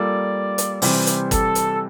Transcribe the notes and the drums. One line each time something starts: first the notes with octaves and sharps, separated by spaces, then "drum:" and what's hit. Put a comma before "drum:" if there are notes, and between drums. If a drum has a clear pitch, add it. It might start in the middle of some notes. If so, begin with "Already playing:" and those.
Already playing: G3 A#3 F4 A4 D5
drum: hi-hat
C3 E3 G3 C4 C5, drum: open hi-hat
drum: hi-hat
A4, drum: kick G1, hi-hat
drum: hi-hat